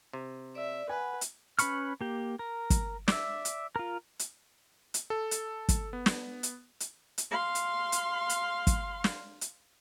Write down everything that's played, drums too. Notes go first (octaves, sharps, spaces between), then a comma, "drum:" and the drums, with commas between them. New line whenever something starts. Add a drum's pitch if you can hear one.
C3
D5 E5
B4 F#5 G#5 B5
drum: hi-hat
C#4 B4 B5 C#6 F6, drum: hi-hat
A#3 G4
A#4
drum: kick, hi-hat
D5 E5, drum: snare
drum: hi-hat
F4 A#4
drum: hi-hat
drum: hi-hat
A4
drum: hi-hat
drum: kick, hi-hat
B3
drum: snare
drum: hi-hat
drum: hi-hat
drum: hi-hat
F5 C6
drum: hi-hat
drum: hi-hat
drum: hi-hat
drum: kick, hi-hat
drum: snare
drum: hi-hat